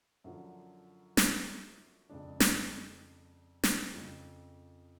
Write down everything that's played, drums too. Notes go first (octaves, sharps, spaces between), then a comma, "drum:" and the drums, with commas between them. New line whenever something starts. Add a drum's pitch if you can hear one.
F#2 D3 F3
drum: snare
F2 C#3 G#3 D4
drum: snare
drum: snare
F2 C#3 F3